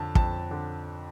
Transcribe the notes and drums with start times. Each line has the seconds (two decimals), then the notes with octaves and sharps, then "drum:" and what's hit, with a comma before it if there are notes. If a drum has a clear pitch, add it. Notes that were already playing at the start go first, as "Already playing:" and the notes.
Already playing: F2 D3 A5
0.15 F2 A5, drum: kick
0.51 D3